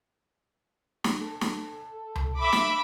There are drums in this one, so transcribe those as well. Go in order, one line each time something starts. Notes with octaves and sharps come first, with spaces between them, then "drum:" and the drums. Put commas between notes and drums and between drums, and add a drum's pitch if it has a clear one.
drum: snare
A4
drum: snare
drum: tom C#2
E5 B5 D6
drum: snare